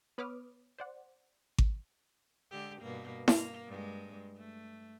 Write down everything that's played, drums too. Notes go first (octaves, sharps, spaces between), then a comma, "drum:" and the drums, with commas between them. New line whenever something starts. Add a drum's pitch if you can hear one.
B3 B4 C#5 D6 D#6 F6
C5 D5 F#5
drum: kick G#1
D3 G#3 G4
G2 B2 A#3
A#3, drum: snare E4
G2 G#3
A3